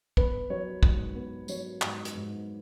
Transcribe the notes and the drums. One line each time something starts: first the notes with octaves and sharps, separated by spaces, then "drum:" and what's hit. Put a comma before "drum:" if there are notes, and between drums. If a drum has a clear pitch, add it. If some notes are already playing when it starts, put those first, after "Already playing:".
B3 B4, drum: kick
F#3 C#5
G#2, drum: kick
B3
F#3 C#5, drum: tambourine
G#2, drum: clap
drum: hi-hat
G#2